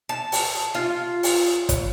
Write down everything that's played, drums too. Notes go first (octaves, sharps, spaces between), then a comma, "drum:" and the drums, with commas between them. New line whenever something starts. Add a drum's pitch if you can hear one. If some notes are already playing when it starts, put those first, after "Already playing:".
A5
drum: open hi-hat
F4
drum: open hi-hat
drum: kick, hi-hat